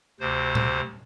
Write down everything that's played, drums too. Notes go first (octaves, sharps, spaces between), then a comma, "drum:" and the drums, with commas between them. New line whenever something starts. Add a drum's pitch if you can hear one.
D2 C3 C5
drum: tom A#2